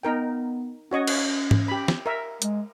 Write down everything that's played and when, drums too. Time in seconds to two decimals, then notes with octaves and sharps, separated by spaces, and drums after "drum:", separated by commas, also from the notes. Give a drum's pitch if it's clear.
0.03 B3 D#4 A#4 G5
0.91 C#4 F#4 C#5 D#5
1.07 drum: cymbal
1.51 drum: tom G#2
1.68 G4 B5
1.88 drum: snare
2.06 A#4 E5
2.42 G#3, drum: hi-hat